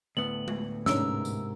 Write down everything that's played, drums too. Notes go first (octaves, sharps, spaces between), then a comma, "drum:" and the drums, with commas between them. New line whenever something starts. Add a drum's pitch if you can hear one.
D2 A2 B3 F#7
drum: tom G#3
G#2 C3 C#4 D4 A#4 C#5 E6, drum: snare
drum: tambourine